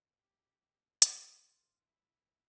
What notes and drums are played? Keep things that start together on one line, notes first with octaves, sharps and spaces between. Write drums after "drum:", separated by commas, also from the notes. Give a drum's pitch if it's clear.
G4
F#4, drum: hi-hat
F4
E4